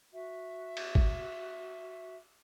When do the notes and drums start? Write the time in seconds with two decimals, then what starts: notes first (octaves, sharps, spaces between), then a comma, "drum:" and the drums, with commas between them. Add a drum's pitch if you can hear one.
0.13 F#4 E5
0.77 drum: cymbal
0.95 drum: kick